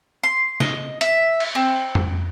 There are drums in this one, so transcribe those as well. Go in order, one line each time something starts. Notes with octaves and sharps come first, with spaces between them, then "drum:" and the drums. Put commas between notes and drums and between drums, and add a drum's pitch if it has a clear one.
C6
D#5, drum: snare
E5, drum: hi-hat
drum: cymbal
C4
drum: tom F2